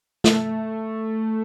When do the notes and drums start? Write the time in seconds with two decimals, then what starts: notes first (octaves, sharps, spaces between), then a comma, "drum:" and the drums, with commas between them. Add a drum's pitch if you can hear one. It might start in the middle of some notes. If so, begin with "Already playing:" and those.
0.24 A3, drum: snare